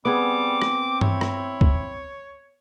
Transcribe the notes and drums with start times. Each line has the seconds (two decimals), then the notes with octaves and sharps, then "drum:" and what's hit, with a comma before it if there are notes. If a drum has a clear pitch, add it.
0.05 G3 B3 C4 G#4 D6
0.62 drum: rim click
1.01 E4 C#5, drum: tom G2
1.21 drum: rim click
1.61 drum: kick